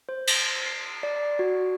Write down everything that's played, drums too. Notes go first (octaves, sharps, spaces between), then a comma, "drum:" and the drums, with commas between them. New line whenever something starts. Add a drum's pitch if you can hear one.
C5
drum: cymbal
C7
D5
F#4